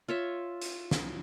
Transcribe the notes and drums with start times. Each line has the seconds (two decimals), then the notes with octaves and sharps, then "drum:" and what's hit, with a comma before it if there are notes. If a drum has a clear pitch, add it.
0.08 F4 C#5 E5
0.62 drum: hi-hat
0.91 drum: snare